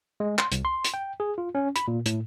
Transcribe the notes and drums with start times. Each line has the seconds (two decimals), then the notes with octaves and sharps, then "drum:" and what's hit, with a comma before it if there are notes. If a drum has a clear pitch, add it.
0.20 G#3
0.38 C6, drum: clap
0.52 C2, drum: hi-hat
0.65 C6
0.84 drum: hi-hat
0.94 G5
1.20 G#4
1.38 F4
1.55 C#4
1.76 B5, drum: hi-hat
1.88 A#2
2.06 A2, drum: hi-hat